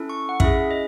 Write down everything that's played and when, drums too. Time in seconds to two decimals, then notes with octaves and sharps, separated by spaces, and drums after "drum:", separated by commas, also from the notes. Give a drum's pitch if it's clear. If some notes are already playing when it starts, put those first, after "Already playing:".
Already playing: C#4 E4 A4
0.09 C#6
0.29 F#5
0.40 C#4 E4 G#4 E5, drum: kick
0.71 D#5